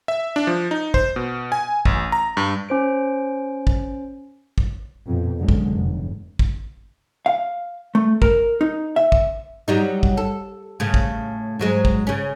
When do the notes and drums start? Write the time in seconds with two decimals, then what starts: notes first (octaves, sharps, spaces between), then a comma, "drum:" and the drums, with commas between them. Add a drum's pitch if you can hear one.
0.08 E5
0.36 D4
0.47 F3
0.71 D#4
0.94 C5, drum: kick
1.16 B2
1.52 G#5
1.85 A1, drum: kick
2.12 A#5
2.37 G2
2.69 C#4 C5 D7
3.67 drum: kick
4.58 drum: kick
5.06 F2 B2
5.38 F#2 B2 D3 F#3 G#3
5.49 drum: kick
5.73 F1 G#2
6.39 drum: kick
7.26 F5
7.95 A3
8.22 A#4, drum: kick
8.61 D#4
8.96 E5
9.12 drum: kick
9.68 F#3 G3 D#4
10.03 drum: kick
10.17 A4
10.80 A2 C#3
10.94 drum: kick
11.59 G#2 F#3 G#3
11.85 drum: kick
12.07 C#3 C#4